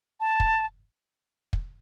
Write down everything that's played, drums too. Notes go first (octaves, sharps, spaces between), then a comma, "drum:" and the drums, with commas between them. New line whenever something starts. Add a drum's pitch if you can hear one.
A5
drum: kick
drum: kick